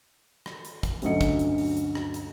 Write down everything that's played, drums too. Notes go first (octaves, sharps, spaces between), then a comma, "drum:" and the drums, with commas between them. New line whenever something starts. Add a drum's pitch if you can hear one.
drum: rim click
drum: hi-hat
drum: kick, hi-hat
D2 G2 F#3 C#4 D#5 C#7, drum: hi-hat
drum: kick, hi-hat
drum: hi-hat
drum: open hi-hat
drum: hi-hat
drum: rim click
drum: hi-hat